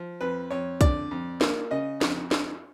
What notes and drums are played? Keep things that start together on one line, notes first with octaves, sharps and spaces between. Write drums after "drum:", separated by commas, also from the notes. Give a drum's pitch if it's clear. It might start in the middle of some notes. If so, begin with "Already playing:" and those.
Already playing: F3
F2 B4
F2 C#5
D3 D5, drum: kick, hi-hat
F2
A#3, drum: snare
C#3 D#5
F2, drum: snare
drum: snare